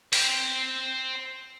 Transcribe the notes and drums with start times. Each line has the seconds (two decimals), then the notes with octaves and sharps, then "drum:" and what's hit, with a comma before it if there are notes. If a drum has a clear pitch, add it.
0.13 C5 G5, drum: open hi-hat